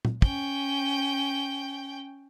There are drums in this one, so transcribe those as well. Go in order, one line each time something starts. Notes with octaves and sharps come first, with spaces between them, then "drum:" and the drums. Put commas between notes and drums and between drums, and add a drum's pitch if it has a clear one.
drum: tom A#2
C#4 G5, drum: kick